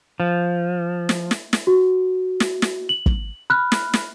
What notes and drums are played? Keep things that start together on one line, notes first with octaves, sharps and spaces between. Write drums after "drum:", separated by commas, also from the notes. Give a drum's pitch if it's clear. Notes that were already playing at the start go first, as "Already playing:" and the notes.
F3
drum: snare
drum: snare
drum: snare
F#4
drum: snare
drum: snare
F#7
drum: kick
B5 F6 F#6
drum: snare
drum: snare